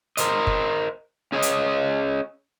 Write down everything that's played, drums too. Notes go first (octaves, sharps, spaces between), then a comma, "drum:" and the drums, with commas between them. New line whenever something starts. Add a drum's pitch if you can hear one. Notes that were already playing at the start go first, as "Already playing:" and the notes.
A#4 C5 D#5, drum: hi-hat
drum: kick F#1
C#4 G#4 C#5 D#5
drum: hi-hat